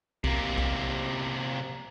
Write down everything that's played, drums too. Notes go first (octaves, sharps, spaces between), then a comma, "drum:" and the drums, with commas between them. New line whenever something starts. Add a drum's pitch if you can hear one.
C3 A#3, drum: kick B1
drum: kick B1